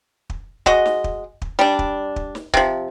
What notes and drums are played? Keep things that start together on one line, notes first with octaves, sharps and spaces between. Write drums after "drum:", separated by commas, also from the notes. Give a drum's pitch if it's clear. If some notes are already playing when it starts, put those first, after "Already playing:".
drum: kick
G#3 F#4 D#5, drum: kick
drum: snare
drum: kick
drum: kick
G3 D4, drum: snare
drum: kick
drum: kick
drum: snare
C3 F3, drum: kick